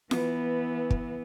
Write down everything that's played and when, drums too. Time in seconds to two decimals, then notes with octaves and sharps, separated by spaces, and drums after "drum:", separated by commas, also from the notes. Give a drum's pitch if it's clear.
0.11 E3 B3, drum: snare F4
0.91 drum: kick